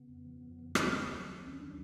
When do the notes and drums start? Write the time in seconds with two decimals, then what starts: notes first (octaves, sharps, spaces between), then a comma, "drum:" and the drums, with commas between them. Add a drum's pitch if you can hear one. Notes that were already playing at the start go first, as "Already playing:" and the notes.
Already playing: C#3 B3
0.09 F2
0.25 F3
0.42 F2
0.59 C#3
0.75 D#2 B3, drum: rim click
0.93 F#3
0.98 C4
1.09 D#2
1.20 C4
1.26 D#3
1.43 D#2 C#4
1.59 F#3 D4